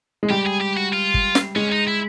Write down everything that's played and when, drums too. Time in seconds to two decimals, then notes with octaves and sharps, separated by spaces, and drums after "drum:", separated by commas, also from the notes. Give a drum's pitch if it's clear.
0.23 G#3
0.30 G3 G4
0.47 G#4
0.61 G4
0.77 F#4
0.93 F4
1.14 drum: kick
1.35 drum: snare
1.56 G#3 C#4
1.72 D#4
1.88 E4